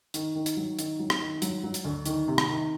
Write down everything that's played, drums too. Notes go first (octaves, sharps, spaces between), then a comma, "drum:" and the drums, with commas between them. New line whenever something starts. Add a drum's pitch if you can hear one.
D#3, drum: hi-hat
D#3
drum: hi-hat
F#3
D#3, drum: hi-hat
F#3
drum: rim click
D#3
F#3, drum: hi-hat
F#3
drum: hi-hat
D2
D#3, drum: hi-hat
C3
drum: rim click
D#3